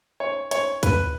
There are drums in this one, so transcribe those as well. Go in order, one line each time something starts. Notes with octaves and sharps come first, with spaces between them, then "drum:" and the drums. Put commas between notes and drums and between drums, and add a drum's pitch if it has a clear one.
C#5
C#5, drum: hi-hat
B4, drum: kick, hi-hat